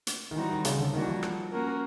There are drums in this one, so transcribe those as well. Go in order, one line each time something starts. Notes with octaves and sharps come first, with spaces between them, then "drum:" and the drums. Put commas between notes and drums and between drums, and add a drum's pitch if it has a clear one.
drum: hi-hat
D#3
E3 G3 C4 D#4 F#4
D#3
C#3, drum: hi-hat
D3
D#3 G3 A#3 D4 F#4
E3
F3
drum: rim click
A#3 C#4 F#4 A#4